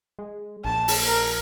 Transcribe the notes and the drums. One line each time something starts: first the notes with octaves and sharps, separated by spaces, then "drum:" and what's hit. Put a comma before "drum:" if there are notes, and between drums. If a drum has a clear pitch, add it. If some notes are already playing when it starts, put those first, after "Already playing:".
G#3
A#1 A5
drum: open hi-hat
A#4